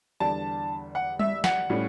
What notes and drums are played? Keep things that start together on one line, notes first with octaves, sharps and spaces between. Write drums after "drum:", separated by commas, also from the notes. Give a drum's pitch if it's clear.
E2 D3 G3 D4 A5
F#5
E5, drum: tom G3
F#5, drum: snare
A2 G3 C#4